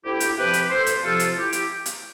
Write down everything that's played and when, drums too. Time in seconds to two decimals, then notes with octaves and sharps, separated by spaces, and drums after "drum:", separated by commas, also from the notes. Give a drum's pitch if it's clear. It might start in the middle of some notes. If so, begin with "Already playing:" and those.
0.04 D2 E4 G4
0.20 drum: hi-hat
0.36 C3 F3 G4 B4
0.53 drum: hi-hat
0.69 D2 A4 C5
0.86 drum: hi-hat
1.03 C3 F3 F4 A4
1.20 drum: hi-hat
1.36 E4 G4
1.53 drum: hi-hat
1.86 drum: hi-hat